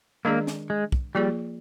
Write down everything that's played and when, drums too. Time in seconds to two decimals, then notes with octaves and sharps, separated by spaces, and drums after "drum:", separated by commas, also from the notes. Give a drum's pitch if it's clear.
0.25 D#3 G#3 A#3 D4 G#4 D5
0.47 drum: snare
0.70 G#3
0.92 drum: kick
1.15 F3 G3 A#3 F4 G#4 D5